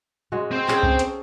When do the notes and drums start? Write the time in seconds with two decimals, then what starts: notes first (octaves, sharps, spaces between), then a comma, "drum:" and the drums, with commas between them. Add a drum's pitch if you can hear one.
0.32 G#3 C#4 F#4
0.51 C4 C5
0.68 C#4 G#4 A4, drum: clap
0.83 drum: kick C2
0.99 drum: hi-hat